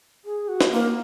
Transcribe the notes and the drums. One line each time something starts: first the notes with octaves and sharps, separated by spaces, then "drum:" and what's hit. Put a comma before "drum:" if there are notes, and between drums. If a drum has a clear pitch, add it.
G#4
F#4
drum: snare
A#3